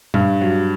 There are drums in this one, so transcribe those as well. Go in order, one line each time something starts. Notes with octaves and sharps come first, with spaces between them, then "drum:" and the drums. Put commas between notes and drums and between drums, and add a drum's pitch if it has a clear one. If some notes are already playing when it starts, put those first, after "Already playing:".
G2, drum: tom A#2
F#3